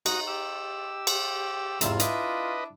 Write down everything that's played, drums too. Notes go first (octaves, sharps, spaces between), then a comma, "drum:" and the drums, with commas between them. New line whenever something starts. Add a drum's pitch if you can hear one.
D#4 F#4 D#5, drum: cymbal
G4 E6
drum: cymbal
E2 G#2 C3 C4 F4, drum: hi-hat
D4 E4 B4 D#5, drum: hi-hat